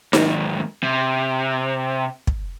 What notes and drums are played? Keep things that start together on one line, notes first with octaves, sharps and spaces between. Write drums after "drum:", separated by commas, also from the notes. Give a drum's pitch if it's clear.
D#2 G#2, drum: snare D#4
C3
drum: kick